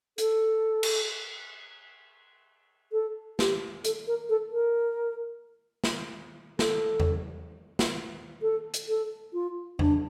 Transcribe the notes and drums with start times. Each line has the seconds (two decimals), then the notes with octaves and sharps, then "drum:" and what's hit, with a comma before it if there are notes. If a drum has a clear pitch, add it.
0.18 A4, drum: hi-hat
0.83 drum: cymbal
2.92 A4
3.39 G4, drum: snare
3.84 A4, drum: hi-hat
4.07 A#4
4.29 A4
4.53 A#4
5.84 drum: snare
6.59 A4, drum: snare
7.00 drum: tom E2
7.79 drum: snare
8.42 A4
8.74 drum: hi-hat
8.88 A4
9.33 F4
9.79 D4, drum: tom E2